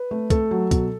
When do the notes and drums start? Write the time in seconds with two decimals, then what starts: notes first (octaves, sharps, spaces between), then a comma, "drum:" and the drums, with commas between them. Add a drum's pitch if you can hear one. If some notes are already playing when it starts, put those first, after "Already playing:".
Already playing: B4
0.11 A3
0.30 A3 A4, drum: kick, hi-hat
0.51 F#3
0.71 B2, drum: kick, hi-hat